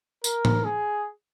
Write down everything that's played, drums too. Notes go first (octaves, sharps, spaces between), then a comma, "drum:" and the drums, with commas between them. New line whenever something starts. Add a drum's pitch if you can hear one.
A#4, drum: tambourine
drum: tom
G#4